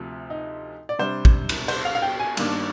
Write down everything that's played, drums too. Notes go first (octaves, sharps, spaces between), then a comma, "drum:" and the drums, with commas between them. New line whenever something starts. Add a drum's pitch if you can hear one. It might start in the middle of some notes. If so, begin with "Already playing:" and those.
Already playing: D2 C3 F3
D#4
D5
C3 G3 D4 C5
drum: kick
drum: cymbal
C5, drum: cymbal
F5
F5
G5
G#5
G2 D#3 A#3 D4, drum: cymbal